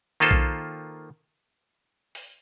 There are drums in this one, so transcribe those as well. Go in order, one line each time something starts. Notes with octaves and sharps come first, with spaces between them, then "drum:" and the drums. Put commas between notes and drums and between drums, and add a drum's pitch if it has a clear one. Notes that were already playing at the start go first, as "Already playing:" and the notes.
D#3 A#3 F4 A4 C5
drum: kick B1
drum: open hi-hat